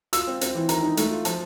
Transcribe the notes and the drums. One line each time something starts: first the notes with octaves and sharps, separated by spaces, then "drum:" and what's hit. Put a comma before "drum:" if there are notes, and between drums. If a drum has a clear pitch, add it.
F4 E6, drum: hi-hat
C4
C4, drum: hi-hat
E3
D#3 A#5, drum: hi-hat
D#4
A3, drum: hi-hat
F4
F3 A5, drum: hi-hat